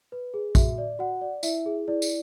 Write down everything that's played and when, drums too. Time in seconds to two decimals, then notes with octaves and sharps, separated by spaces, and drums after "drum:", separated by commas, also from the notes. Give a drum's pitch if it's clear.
0.12 B4
0.34 G#4
0.55 F#4 E5, drum: kick, tambourine
0.78 D5
0.99 F#4 F#5
1.21 D5
1.43 E4 E5, drum: tambourine
1.66 G#4
1.88 E4 D5
2.02 drum: tambourine